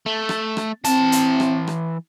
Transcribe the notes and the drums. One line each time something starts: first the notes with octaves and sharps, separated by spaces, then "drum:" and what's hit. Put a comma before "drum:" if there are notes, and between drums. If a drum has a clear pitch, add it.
A3
drum: rim click
drum: rim click
E3 C4 A5, drum: hi-hat
drum: hi-hat
drum: rim click
drum: rim click